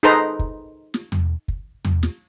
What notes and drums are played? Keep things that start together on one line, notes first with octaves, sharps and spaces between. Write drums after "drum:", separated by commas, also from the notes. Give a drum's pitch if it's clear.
D#4 G#4 A4 B4 C5 A#5
drum: kick
drum: snare
drum: tom E2
drum: kick
drum: tom E2
drum: snare